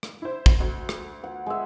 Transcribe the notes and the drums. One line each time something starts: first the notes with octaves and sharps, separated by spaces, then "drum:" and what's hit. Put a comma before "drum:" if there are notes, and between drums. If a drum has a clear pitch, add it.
drum: rim click
E4 C5
drum: kick
D2
drum: rim click
F#5
G#3 E5